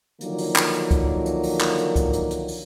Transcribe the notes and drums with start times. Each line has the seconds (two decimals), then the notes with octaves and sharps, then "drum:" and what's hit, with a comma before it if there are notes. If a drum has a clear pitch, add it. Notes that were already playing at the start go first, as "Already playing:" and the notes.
0.21 D3 D#3 F3 F#3 A#3, drum: hi-hat
0.38 drum: open hi-hat
0.56 drum: clap
0.73 drum: hi-hat
0.91 drum: kick C#2, hi-hat
1.26 drum: hi-hat
1.43 drum: open hi-hat
1.61 drum: clap
1.78 drum: hi-hat
1.96 drum: kick C#2, hi-hat
2.13 drum: hi-hat
2.31 drum: hi-hat
2.48 drum: open hi-hat